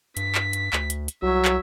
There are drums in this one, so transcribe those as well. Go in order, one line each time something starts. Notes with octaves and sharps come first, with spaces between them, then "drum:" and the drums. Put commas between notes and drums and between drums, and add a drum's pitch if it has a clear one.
G2 B6, drum: hi-hat
drum: clap
drum: hi-hat
D2, drum: clap
drum: hi-hat
drum: hi-hat
C2 F#3 C#5 E5
drum: clap